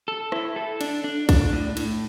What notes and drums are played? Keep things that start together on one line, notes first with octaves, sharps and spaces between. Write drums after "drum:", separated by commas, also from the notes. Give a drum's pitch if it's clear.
A4
E4, drum: rim click
A4
D4, drum: cymbal
D4
D4, drum: kick, cymbal
A2
A2, drum: cymbal